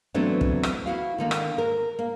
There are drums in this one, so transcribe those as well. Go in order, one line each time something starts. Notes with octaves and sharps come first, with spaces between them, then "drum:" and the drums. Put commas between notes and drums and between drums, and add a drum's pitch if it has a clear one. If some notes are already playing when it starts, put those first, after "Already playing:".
E3 F#3 A3 B3 C4 D4
drum: kick
drum: rim click
E4 F#4 F5
D3 D#3 A#3
drum: rim click
A#4
A#3